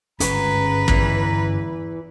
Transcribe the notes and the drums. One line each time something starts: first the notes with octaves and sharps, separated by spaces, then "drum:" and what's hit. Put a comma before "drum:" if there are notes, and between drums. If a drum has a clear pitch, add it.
G1 C#2 G#2 G#3 C#4 B4 A#5, drum: hi-hat
E2 E3, drum: kick